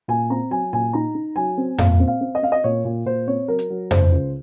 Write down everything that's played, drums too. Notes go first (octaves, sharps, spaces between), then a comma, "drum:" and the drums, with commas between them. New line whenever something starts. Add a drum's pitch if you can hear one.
A#2 G#5
C4 A#5
F#3 G#5
A#2 G#5
D#4 A#5
D#4
F#3 G#5
C4
A#2 F5, drum: tom F2
C4
F5
C4
D#5
C4 F5
D#5
A#2 C#5
A#2
A#2 C5
C4 C#5
F#3 A#4
drum: hi-hat
F#3
C#2 C5, drum: tom F2
C#2